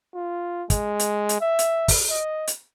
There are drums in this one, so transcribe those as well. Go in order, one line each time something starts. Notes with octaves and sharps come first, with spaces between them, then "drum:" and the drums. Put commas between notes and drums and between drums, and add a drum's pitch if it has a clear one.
F4
G#3, drum: kick, hi-hat
drum: hi-hat
drum: hi-hat
E5
drum: hi-hat
drum: kick, open hi-hat
D#5
drum: hi-hat